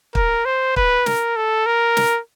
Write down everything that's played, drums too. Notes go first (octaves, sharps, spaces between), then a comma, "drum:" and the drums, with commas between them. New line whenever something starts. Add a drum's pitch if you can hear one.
A#4, drum: kick
C5
B4, drum: kick
A#4, drum: snare
A4
A#4
drum: snare